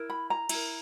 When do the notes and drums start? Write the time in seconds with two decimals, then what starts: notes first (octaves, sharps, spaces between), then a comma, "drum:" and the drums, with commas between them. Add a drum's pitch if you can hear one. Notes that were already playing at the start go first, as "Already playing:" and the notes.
Already playing: E4 A#4
0.10 B5
0.30 A#5
0.49 E4 A#4, drum: cymbal